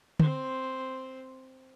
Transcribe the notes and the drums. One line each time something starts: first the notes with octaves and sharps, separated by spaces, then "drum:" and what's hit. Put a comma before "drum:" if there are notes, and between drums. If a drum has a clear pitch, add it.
C4 C5, drum: tom D3